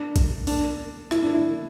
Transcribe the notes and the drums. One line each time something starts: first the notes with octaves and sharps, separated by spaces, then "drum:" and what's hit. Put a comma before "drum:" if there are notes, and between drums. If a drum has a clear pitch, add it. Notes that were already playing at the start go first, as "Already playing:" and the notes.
Already playing: D4
drum: kick A#1, hi-hat
D4, drum: open hi-hat
E4, drum: rim click
D4
E4